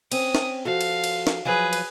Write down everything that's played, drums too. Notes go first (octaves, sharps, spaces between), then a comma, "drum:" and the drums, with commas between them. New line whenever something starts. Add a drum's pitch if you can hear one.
C4 C#4 D#6, drum: cymbal
drum: snare
F3 F#4 A4 F5
drum: cymbal
drum: cymbal
drum: snare
F3 F#3 G#4 B4
drum: cymbal